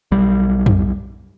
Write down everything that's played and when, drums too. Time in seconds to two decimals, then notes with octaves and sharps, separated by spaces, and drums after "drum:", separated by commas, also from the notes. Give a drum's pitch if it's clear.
0.11 B1 G3
0.66 drum: tom